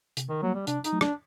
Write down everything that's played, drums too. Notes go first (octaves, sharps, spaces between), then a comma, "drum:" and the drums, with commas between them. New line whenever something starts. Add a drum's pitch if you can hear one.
C3, drum: hi-hat
D#3
F#3 G3 A#3
G3
C3 D4, drum: hi-hat
D#4, drum: hi-hat
F#3 A3
D4, drum: rim click